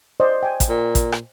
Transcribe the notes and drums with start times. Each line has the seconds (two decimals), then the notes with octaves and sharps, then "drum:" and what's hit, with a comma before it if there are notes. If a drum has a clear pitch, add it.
0.20 C5 D5 D#5
0.43 G5 G#5
0.60 drum: kick, hi-hat
0.69 A#2
0.95 drum: kick, hi-hat
1.12 drum: rim click